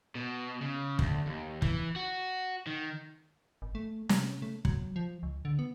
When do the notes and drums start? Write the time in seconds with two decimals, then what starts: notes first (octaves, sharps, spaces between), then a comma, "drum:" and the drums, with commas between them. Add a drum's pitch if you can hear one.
0.15 B2
0.61 C#3
0.99 D2, drum: kick
1.27 D#2
1.62 E3, drum: kick
1.96 F#4
2.67 D#3
3.62 G#1
3.75 A3
4.09 C3, drum: snare
4.42 A3
4.65 F#3, drum: kick
4.96 F3
5.23 C#2
5.45 D3
5.59 B3